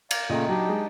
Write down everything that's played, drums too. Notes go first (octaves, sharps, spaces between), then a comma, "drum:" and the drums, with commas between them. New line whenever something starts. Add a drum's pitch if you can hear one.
D5 F5 A#5, drum: cymbal
A#2 C#3 A3 D#5 G5 A#5
F#3 D4 D#4 G4
G#3